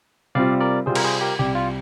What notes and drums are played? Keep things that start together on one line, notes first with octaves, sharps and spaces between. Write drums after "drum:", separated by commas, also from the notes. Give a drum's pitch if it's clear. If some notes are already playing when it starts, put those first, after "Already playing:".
C3 G3 C4 F4 D5 F5
A#4 D5
C3 G3 C4 F4 G#4 C5
A#4, drum: cymbal
G#4 C5
G4 A#4
C2 C3 G3 G4
F4